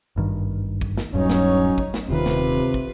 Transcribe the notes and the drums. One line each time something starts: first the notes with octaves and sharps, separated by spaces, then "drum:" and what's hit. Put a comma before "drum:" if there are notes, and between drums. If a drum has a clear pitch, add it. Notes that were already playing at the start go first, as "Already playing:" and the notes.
G#1 G2 D#3
drum: kick
drum: snare
D#1 G2 F#3 C#4 D#4 C#5
drum: snare
drum: kick
drum: snare
D#1 C3 D#3 F4 B4
drum: snare
drum: kick